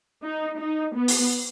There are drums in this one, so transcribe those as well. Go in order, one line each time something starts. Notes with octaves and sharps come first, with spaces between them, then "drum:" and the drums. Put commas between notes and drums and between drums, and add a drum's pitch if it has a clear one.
D#4
D#4
B3
drum: open hi-hat